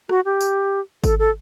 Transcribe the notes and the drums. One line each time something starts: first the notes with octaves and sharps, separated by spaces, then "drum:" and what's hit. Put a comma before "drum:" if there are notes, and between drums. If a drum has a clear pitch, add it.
F#4, drum: rim click
G4
drum: tambourine
A4, drum: kick G#1, tambourine
A4